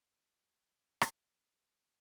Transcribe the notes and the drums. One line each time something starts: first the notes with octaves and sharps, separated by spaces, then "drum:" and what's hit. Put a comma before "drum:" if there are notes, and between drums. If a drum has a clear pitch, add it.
D#4
C#4
C#4
drum: rim click
G#3
D#3